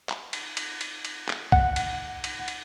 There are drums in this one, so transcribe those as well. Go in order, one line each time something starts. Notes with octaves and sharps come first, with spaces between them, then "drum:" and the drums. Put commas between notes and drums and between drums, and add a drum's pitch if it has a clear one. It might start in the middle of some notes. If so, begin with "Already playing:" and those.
drum: clap
drum: cymbal
drum: cymbal
drum: cymbal
drum: cymbal
drum: clap
F#5, drum: kick B1
drum: cymbal
drum: cymbal
drum: cymbal